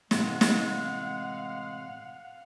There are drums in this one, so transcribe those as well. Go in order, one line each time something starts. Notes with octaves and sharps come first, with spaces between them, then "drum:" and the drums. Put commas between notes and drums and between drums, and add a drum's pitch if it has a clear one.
A2 C3 E3 G#3 F5 F#5, drum: snare
drum: snare